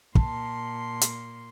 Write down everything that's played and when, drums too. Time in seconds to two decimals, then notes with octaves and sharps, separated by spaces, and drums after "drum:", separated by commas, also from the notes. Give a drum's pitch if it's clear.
0.15 A#2 A5 C6, drum: kick
1.01 drum: hi-hat